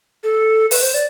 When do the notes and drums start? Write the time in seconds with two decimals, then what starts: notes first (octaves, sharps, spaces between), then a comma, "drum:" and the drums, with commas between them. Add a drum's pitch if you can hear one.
0.24 A4
0.71 B4, drum: open hi-hat
0.82 C5
0.94 D5